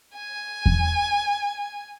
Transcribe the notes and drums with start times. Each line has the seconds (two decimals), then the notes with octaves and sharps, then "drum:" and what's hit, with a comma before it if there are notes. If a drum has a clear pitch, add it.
0.15 G#5
0.66 drum: kick E2